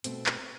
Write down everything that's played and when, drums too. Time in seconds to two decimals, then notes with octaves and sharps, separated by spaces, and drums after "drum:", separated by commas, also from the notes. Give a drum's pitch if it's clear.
0.04 B2 A3 C4, drum: hi-hat
0.26 drum: clap